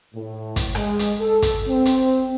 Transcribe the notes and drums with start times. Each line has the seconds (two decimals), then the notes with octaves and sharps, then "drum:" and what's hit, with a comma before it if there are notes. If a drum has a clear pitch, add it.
0.15 A2
0.56 drum: kick, hi-hat
0.75 G#3, drum: rim click
0.99 drum: hi-hat
1.21 A4
1.42 drum: kick, hi-hat
1.69 C4
1.85 drum: hi-hat